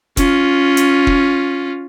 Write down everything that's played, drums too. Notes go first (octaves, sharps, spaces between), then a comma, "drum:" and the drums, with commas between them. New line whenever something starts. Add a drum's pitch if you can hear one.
C#4 F4, drum: kick, hi-hat
drum: hi-hat
drum: kick